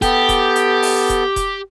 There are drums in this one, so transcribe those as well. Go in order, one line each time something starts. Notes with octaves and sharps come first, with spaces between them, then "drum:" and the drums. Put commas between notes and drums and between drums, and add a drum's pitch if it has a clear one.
B3 G4 A4, drum: kick E1, hi-hat
drum: kick E1, hi-hat
drum: hi-hat
drum: open hi-hat
drum: kick E1, hi-hat
drum: kick E1, hi-hat